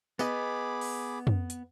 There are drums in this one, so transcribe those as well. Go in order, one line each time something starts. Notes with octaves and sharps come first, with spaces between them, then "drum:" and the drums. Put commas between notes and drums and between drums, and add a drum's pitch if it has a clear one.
B3 G#4 D#5 B5 D6, drum: tambourine
drum: open hi-hat
drum: tom
drum: hi-hat